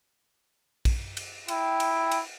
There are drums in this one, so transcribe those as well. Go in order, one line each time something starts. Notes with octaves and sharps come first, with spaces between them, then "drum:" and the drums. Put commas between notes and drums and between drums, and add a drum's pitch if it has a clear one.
drum: kick A#1, cymbal
drum: cymbal
E4 G5, drum: cymbal
drum: cymbal
drum: cymbal